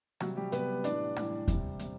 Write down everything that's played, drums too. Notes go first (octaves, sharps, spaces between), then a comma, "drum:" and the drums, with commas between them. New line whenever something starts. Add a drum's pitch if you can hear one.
C3 F#3 G3 F#4, drum: rim click
G3 G4
C3 G3 B3 B4, drum: hi-hat
A2 E3 G3 D4 D5, drum: hi-hat
A2 E3 G3, drum: rim click
C3 G3, drum: kick E2, hi-hat
C3 G3, drum: hi-hat